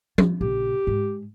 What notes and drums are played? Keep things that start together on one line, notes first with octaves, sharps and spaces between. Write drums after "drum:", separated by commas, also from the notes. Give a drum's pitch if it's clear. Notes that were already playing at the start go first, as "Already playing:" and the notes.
F4, drum: tom F3
A#1 C#3 G4
G#2